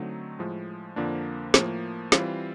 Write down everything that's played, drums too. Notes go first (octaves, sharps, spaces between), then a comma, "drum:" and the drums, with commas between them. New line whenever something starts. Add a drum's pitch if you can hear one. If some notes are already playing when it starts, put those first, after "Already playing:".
Already playing: D3 F#3 A3 C4 D#4
A2 F3 G#3
F2 D3 F3 A#3 D4
A2 F3 A#3, drum: snare
E3 G3 C4 F4, drum: snare